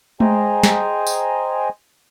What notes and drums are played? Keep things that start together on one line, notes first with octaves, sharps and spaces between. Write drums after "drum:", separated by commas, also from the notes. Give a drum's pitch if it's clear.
G#4 C5 D#5 G5 G#5 A#5, drum: tom G#3
drum: snare
drum: tambourine